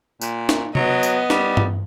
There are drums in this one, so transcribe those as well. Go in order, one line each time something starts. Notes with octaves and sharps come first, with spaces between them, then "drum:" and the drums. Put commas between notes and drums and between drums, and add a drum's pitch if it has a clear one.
A#2, drum: tambourine
drum: snare
F#3 B3 D#5, drum: tom C3
drum: tambourine
G3, drum: snare
drum: tom G2